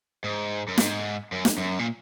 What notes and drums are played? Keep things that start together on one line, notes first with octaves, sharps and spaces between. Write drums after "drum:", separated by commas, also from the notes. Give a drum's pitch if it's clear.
G#2
F#2
G#2, drum: snare
F#2
drum: snare
F#2
A#2